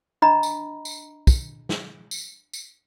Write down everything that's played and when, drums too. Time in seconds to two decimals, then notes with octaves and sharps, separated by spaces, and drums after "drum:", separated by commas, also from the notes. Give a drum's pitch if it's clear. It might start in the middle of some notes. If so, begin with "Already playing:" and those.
0.22 D4 D#5 A#5 B5
0.43 drum: tambourine
0.85 drum: tambourine
1.27 drum: kick, tambourine
1.69 drum: snare
2.11 drum: tambourine
2.53 drum: tambourine